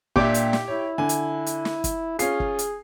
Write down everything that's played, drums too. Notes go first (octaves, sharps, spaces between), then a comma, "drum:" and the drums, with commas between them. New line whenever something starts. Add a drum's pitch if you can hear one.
A#2 D4 G4 E5 G5 D6, drum: kick
drum: hi-hat
drum: snare
E4 C#5
D3 G#5
drum: hi-hat
drum: hi-hat
drum: snare
drum: kick, hi-hat
C#4 F4 G#4 C7, drum: hi-hat
drum: kick
drum: hi-hat